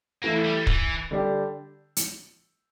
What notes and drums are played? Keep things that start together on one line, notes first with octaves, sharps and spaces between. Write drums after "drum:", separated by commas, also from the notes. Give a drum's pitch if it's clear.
E3 A3 A#3 E4
G3
E3, drum: kick
D3 G3 D4 G4
drum: hi-hat